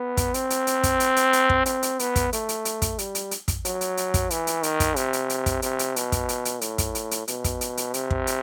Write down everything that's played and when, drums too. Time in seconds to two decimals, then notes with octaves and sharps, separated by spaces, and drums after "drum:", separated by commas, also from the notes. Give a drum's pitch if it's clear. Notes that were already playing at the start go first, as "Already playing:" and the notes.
Already playing: B3
0.17 drum: kick, hi-hat
0.34 C4, drum: hi-hat
0.50 drum: hi-hat
0.67 drum: hi-hat
0.83 drum: kick, hi-hat
1.00 drum: hi-hat
1.16 drum: hi-hat
1.33 drum: hi-hat
1.49 drum: kick
1.66 C4, drum: hi-hat
1.83 drum: hi-hat
1.99 B3, drum: hi-hat
2.16 drum: kick, hi-hat
2.33 A3, drum: hi-hat
2.49 drum: hi-hat
2.65 drum: hi-hat
2.82 drum: kick, hi-hat
2.99 G3, drum: hi-hat
3.15 drum: hi-hat
3.31 drum: hi-hat
3.48 drum: kick, hi-hat
3.65 F#3, drum: hi-hat
3.81 drum: hi-hat
3.97 drum: hi-hat
4.14 drum: kick, hi-hat
4.30 E3, drum: hi-hat
4.47 drum: hi-hat
4.63 D#3, drum: hi-hat
4.80 drum: kick, hi-hat
4.96 C3, drum: hi-hat
5.13 drum: hi-hat
5.30 drum: hi-hat
5.46 drum: kick, hi-hat
5.62 C3, drum: hi-hat
5.79 drum: hi-hat
5.96 B2, drum: hi-hat
6.12 drum: kick, hi-hat
6.29 drum: hi-hat
6.45 drum: hi-hat
6.61 A2, drum: hi-hat
6.78 drum: kick, hi-hat
6.95 drum: hi-hat
7.11 drum: hi-hat
7.28 B2, drum: hi-hat
7.44 drum: kick, hi-hat
7.61 drum: hi-hat
7.77 drum: hi-hat
7.94 C3, drum: hi-hat
8.10 drum: kick
8.27 drum: hi-hat